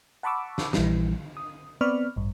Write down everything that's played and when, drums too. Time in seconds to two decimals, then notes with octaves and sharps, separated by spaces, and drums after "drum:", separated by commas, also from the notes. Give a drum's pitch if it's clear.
0.23 F#5 A5 B5 C#6 D6 E6
0.58 drum: snare
0.73 A#1 E3 G3, drum: snare
1.37 D#6
1.81 B3 C4 D5 B5 C#6 F6
2.16 A1 G2